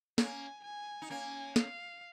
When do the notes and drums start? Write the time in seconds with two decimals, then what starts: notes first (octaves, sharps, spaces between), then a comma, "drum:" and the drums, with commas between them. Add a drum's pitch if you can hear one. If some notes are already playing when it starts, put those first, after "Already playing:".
0.18 A#3 C#4 G#5, drum: snare
0.64 G#5
1.02 D#4
1.10 A#3 C#4 G#5
1.56 F5, drum: snare